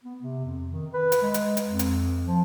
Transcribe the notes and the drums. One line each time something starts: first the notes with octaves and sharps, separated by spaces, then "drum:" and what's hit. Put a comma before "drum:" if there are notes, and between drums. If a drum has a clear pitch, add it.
B3
C3
F2
D#3
B4
drum: hi-hat
G#3
drum: hi-hat
drum: hi-hat
F2
drum: hi-hat
F3